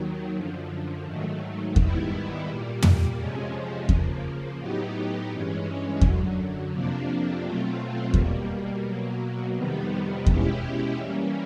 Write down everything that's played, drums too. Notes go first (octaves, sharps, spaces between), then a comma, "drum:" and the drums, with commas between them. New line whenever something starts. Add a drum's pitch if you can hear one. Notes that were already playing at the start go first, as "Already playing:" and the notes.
Already playing: D#2 D#3 F#3
F#2 D3 F3
G#2 D#3 F#3 A3
G#2 D#3 G3 B3 E4, drum: kick E2
A#2 G3 A#3
drum: tom
F2 C3 F3 G#3 C#4
C#3 F3 A#3, drum: kick E2
A2 F#3 B3 D#4 G4
G2 E3 G#3 C#4
F#2 D3 F#3, drum: kick E2
F2 C3 F3 A#3 D4
B2 F#3 A3 C4 F4
B2 G3 A#3, drum: kick E2
B2 F#3 A#3
F2 C3 D#3 G3 B3
B2 G#3 C#4 E4 G4, drum: kick E2
E3 G3 A#3 C#4